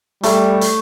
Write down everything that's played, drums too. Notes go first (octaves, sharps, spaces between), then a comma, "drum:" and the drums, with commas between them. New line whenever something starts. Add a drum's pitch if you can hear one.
G3 A3, drum: hi-hat
drum: hi-hat